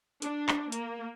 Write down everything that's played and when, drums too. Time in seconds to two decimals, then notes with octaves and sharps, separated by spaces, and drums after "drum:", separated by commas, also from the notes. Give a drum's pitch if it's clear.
0.22 D4, drum: hi-hat
0.49 drum: clap
0.72 A#3, drum: hi-hat